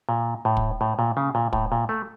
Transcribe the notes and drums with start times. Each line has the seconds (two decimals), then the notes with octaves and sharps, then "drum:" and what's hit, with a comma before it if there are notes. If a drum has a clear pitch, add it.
0.09 A#2
0.45 A2
0.57 drum: kick
0.81 A2
0.99 A#2
1.17 C#3
1.35 A#2
1.53 A2, drum: kick
1.72 A#2
1.89 A3